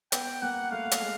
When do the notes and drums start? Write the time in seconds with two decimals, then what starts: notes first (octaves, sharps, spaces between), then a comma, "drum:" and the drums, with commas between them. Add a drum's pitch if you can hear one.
0.12 B3 G5, drum: hi-hat
0.42 A#3 F#5
0.71 A3 F5
0.91 drum: hi-hat
1.01 G#3